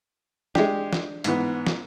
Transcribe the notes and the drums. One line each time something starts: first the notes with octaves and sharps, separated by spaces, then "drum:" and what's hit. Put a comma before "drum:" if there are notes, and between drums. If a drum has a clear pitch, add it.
G#3 D4 G4, drum: snare
drum: snare
G#2 E3 B3, drum: hi-hat
drum: snare